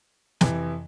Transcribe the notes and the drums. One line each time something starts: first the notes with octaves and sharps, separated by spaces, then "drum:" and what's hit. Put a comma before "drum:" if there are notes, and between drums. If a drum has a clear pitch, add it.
F2 C3 E3, drum: snare